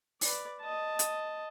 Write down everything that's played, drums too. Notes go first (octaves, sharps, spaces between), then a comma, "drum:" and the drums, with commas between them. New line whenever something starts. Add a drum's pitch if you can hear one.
B4 D5, drum: open hi-hat
D#5 A5
drum: hi-hat